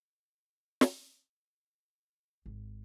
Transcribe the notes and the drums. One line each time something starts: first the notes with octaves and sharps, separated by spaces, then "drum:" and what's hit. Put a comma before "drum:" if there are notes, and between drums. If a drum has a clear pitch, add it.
drum: snare
G#1